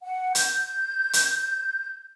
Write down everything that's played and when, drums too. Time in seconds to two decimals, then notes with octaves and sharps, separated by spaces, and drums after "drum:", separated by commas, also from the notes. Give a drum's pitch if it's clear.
0.03 F#5
0.35 G6, drum: hi-hat
1.13 drum: hi-hat